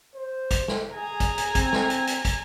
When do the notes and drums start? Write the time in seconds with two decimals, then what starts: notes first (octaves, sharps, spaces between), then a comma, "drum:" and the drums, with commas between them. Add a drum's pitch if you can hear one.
0.16 C5
0.51 drum: kick, hi-hat
0.68 drum: snare
0.94 G#4 G#5 A#5
1.20 drum: kick, hi-hat
1.38 drum: hi-hat
1.55 C4, drum: kick, hi-hat
1.73 drum: snare
1.90 drum: hi-hat
2.07 drum: hi-hat
2.25 drum: kick, hi-hat